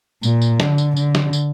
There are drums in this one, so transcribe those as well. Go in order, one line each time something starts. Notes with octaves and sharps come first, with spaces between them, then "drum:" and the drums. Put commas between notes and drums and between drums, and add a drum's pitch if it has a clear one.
A#2, drum: tambourine
drum: tambourine
D3, drum: snare
drum: tambourine
D3, drum: tambourine
drum: snare
drum: tambourine